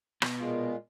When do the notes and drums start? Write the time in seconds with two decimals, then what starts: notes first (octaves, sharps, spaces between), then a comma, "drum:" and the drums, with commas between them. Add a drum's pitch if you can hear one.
0.22 B2, drum: rim click
0.39 A#2 G#3 F4